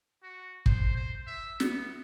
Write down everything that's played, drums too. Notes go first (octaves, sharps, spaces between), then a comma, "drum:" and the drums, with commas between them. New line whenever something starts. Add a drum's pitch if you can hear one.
F#4
C5, drum: kick
C5
E5
B3, drum: snare